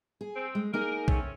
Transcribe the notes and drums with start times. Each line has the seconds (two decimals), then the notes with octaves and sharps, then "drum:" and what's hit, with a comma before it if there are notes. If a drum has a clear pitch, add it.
0.21 G#4
0.36 C4
0.55 G#3
0.74 A#3 D#4 G#4 A#4
1.08 A3 C4 C#4, drum: kick A#1